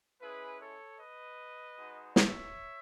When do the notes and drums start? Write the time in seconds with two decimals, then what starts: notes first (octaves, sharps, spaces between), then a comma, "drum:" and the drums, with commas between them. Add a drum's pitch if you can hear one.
0.20 G#3 C#4 E4 G#4 B4
0.60 A4 C#5
0.99 B4 D#5
1.77 G#3 D#4 F#4
2.16 C#5 E5, drum: snare